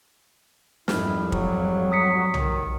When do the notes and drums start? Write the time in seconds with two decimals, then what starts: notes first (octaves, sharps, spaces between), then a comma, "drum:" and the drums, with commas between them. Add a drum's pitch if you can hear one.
0.88 F2 G#2 G3 E4 F6, drum: snare
1.32 F#3, drum: kick
1.92 D#6 B6 C#7
2.34 D#3, drum: tom